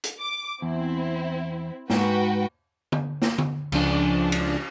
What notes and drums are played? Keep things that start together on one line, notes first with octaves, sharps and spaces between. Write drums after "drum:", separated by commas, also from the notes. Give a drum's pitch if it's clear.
drum: hi-hat
D6
E2 C4 E4
G#2 F#4 B4 G5, drum: snare
drum: tom D3
drum: snare
drum: tom D3
C#2 F3 D4, drum: cymbal
drum: cymbal